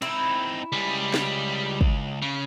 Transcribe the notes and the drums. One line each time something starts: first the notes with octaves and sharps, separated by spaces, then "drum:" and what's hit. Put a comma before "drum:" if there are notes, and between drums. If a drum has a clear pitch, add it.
C4 D#4 E4
C#2 G3 G#4
drum: snare
drum: kick
C#3